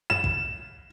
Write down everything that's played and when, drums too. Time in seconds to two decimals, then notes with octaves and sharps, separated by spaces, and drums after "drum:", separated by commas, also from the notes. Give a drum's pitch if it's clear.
0.10 E7
0.24 drum: kick